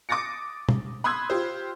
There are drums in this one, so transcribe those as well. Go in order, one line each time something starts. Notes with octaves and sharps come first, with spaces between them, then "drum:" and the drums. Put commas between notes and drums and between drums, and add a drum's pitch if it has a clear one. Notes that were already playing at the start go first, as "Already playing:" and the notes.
D6 D#6 A6 A#6 C#7
drum: tom B2
B5 C6 D#6 E6 F#6 G#6
F4 G4 C5